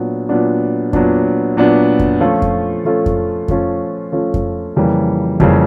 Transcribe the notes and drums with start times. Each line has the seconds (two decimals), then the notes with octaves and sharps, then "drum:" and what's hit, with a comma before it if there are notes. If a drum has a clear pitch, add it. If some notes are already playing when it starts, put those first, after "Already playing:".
Already playing: A#2 F#3 B3 D4
0.29 A#2 F#3 B3 D4
0.93 A#2 F#3 B3 D4, drum: kick F2
1.57 A#2 F#3 B3 D4
1.99 drum: kick F2
2.21 F3 A3 C#4 F4 A4
2.42 drum: kick F2
2.85 F3 A3 C#4 F4 A4
3.06 drum: kick F2
3.48 F3 A3 C#4 F4 A4, drum: kick F2
4.12 F3 A3 C#4 F4 A4
4.34 drum: kick F2
4.76 F2 C#3 E3 G3 A#3
5.40 F2 C#3 E3 G3 A#3, drum: kick F2